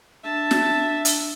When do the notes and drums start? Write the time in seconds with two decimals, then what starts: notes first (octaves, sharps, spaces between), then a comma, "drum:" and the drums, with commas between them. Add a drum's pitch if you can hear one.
0.24 D4 E5 A5
0.51 drum: snare
1.05 drum: hi-hat